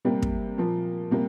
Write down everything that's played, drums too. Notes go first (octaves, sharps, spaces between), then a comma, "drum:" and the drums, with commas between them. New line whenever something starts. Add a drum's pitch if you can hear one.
C3 G3 A#3
drum: kick
A#2 F3 A#3
C3 G3 A#3